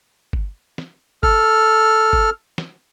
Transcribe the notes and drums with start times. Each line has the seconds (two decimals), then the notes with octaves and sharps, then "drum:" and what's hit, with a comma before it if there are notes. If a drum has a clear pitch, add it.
0.33 drum: kick G1
0.78 drum: snare
1.23 A4 F6, drum: kick G1
2.13 drum: kick G1
2.58 drum: snare